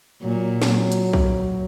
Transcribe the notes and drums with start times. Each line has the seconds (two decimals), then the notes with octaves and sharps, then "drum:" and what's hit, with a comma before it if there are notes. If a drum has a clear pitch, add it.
0.22 A#2 F#3
0.62 F#3, drum: snare
0.92 drum: hi-hat
1.13 drum: kick